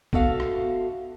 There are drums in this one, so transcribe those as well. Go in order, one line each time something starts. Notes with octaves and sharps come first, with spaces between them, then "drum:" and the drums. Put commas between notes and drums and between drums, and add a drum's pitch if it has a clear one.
B3 D4 F#4 A4 E5 F5, drum: kick
drum: rim click